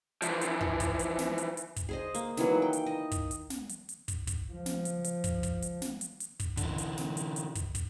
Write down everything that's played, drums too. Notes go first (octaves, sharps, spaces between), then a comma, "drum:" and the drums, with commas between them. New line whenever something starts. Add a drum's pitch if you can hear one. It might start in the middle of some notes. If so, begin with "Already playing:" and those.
E3 F3, drum: hi-hat
drum: hi-hat
drum: kick
drum: kick, hi-hat
drum: hi-hat
drum: snare
drum: hi-hat
drum: hi-hat
drum: kick, hi-hat
G#4 C5 D#5
A#3, drum: hi-hat
D#3 E3 F#3, drum: snare
G5
drum: hi-hat
D#5
drum: kick, hi-hat
drum: hi-hat
drum: snare
drum: hi-hat
drum: hi-hat
drum: kick, hi-hat
drum: kick, hi-hat
F3
drum: snare
drum: hi-hat
drum: hi-hat
drum: kick, hi-hat
drum: kick, hi-hat
drum: hi-hat
drum: snare
drum: hi-hat
drum: hi-hat
drum: kick, hi-hat
D3 E3, drum: kick, hi-hat
drum: hi-hat
drum: snare
drum: hi-hat
drum: hi-hat
drum: kick, hi-hat
drum: kick, hi-hat